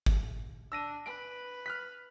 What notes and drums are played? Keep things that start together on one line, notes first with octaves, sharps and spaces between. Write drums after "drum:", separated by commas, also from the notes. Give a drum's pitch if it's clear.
drum: kick
D4 E6 A#6 D#7
B4 D7
F6 F#6 B6